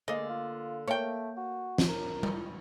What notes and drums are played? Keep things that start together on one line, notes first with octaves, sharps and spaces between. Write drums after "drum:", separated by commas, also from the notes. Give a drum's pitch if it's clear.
D3 G#3 A#3 D#5
F4
A3 A#3 C#5 G5
F#4
drum: snare
A#4
drum: tom G3